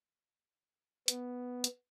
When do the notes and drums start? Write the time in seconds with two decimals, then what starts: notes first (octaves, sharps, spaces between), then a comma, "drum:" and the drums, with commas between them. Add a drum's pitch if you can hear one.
1.08 B3, drum: hi-hat
1.64 drum: hi-hat